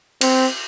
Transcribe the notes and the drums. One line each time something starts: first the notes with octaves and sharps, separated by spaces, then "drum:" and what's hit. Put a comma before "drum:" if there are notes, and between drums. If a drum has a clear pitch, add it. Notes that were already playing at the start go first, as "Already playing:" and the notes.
C4, drum: cymbal